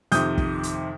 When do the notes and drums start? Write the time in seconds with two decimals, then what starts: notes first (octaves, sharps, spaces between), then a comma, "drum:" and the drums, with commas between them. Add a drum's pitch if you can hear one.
0.12 F2 C3 D#3 D#6 G6, drum: hi-hat
0.38 drum: kick
0.63 drum: hi-hat